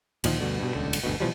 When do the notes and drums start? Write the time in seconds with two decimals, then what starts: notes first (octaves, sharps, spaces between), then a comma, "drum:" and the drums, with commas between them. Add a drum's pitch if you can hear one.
0.24 D2 A#2 D#3 F3, drum: cymbal
0.40 D2 G2 B2 D3
0.59 G2 B2
0.75 D#1 C#2 D3
0.93 drum: cymbal
1.04 G1 D2 B2
1.20 B2 E3 F3 G3